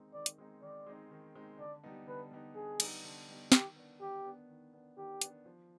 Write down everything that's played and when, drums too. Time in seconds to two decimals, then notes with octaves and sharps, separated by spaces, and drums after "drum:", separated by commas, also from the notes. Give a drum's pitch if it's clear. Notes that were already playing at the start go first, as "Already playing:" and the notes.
Already playing: D#3 G#3 C4 D#4
0.14 D#3 D5
0.26 drum: hi-hat
0.38 G#3 C4 D#4
0.62 D#3 D5
0.86 G#3 C4 D#4
1.11 D#3
1.35 G#3 C4 D#4
1.59 D3 D5
1.84 G3 B3 D#4
2.07 D3 B4
2.32 G3 B3 D#4
2.55 D3 G#4
2.80 G3 B3 D#4, drum: cymbal
3.04 D3
3.29 G3 B3 D#4
3.52 D#3 G4, drum: snare
3.76 B3 D4
4.01 D#3 G4
4.24 B3 D4
4.49 D#3
4.73 B3 D4
4.97 D#3 G4
5.21 B3 D4, drum: hi-hat
5.45 F3